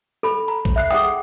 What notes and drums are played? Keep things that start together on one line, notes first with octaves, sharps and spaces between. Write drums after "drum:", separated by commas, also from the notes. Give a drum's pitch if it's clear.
A4 B5
A#5
drum: kick B1
E5 F#6 C7
G#4 F#5 G5 D#6